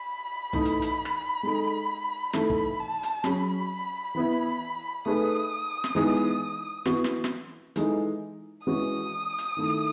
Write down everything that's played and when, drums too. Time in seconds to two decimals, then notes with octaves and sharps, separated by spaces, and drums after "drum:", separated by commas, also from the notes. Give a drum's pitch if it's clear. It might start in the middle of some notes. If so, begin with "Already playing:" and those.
Already playing: B5
0.53 E3 A3 D#4, drum: tom B1
0.65 drum: hi-hat
0.82 drum: hi-hat
1.05 drum: rim click
1.43 G#3 D#4 A4
2.33 E3 A3 D#4 A4 B5, drum: snare
2.50 drum: kick
2.80 A5
3.03 drum: hi-hat
3.24 F#3 C#4 G#4 B5, drum: snare
4.15 E3 B3 E4
5.05 A3 D#4 G#4 B4 D#6
5.84 drum: snare
5.95 E3 G#3 B3 D#4
6.85 E3 B3 F#4, drum: snare
7.04 drum: snare
7.24 drum: snare
7.76 E3 G#3 D#4 A4, drum: hi-hat
8.66 E3 G#3 C#4 F#4 B4 D#6
9.38 drum: hi-hat
9.57 D#3 A3 E4